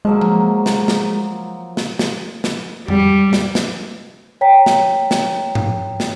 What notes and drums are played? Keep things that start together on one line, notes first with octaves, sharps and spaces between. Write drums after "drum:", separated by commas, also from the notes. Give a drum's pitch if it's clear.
F3 F#3 G#3 A#3
drum: tom F3
drum: snare
drum: snare
drum: snare
drum: snare
drum: snare
G3, drum: tom F2
drum: snare
drum: snare
C#5 G5 A#5 B6
drum: snare
drum: snare
drum: tom G2
drum: snare